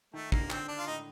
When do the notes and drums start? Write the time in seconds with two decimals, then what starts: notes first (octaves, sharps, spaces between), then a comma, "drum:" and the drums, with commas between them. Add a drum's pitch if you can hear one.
0.14 D#3 A3
0.32 D3 A#3, drum: kick
0.50 D3 C4, drum: clap
0.68 D4
0.78 F4
0.86 A2 D#4